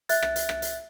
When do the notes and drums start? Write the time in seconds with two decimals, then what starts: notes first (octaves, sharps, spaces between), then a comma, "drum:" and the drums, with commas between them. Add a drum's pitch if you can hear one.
0.09 E5 F#6 A6, drum: hi-hat
0.22 drum: rim click
0.36 drum: hi-hat
0.49 drum: rim click
0.62 drum: hi-hat